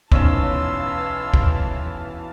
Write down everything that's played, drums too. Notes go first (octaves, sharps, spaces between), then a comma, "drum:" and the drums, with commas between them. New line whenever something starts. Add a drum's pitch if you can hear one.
B1 E3 C#4 F5 A5 C6 E6 E7, drum: kick
drum: kick